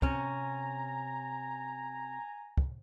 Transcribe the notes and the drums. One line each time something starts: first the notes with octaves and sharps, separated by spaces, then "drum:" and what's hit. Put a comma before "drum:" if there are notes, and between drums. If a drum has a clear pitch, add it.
C3 C#4 G#5 A#5, drum: kick
drum: kick